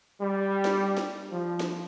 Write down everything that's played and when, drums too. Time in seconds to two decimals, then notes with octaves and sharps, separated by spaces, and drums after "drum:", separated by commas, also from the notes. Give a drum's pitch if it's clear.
0.20 G3
0.65 drum: snare
0.97 drum: snare
1.32 F3
1.60 drum: snare